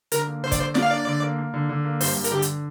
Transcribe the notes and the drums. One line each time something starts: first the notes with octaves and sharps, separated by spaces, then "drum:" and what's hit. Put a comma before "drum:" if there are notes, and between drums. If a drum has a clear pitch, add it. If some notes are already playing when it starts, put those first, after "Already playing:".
D3 A#4, drum: hi-hat
A#3
D3 C5
D5, drum: kick, hi-hat
D3 C5
A#3 D5, drum: snare
F5
D4 D5
D3
A#3
A#3
D3
D3
A#3
G2 C5, drum: open hi-hat
G2
A#4, drum: hi-hat
D3 G4
drum: hi-hat